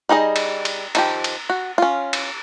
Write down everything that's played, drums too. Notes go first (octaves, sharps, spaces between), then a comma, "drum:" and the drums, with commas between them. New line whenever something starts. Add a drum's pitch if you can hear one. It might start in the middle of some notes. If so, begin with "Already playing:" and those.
G3 D#4 G#4 D#5
drum: cymbal
drum: cymbal
D#3 F3 G4, drum: cymbal
drum: cymbal
F#4
C#4 F4
drum: cymbal